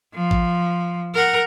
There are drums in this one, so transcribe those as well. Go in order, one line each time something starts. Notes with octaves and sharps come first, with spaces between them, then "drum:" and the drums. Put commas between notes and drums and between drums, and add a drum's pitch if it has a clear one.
F3
drum: kick A1
A#4 F#5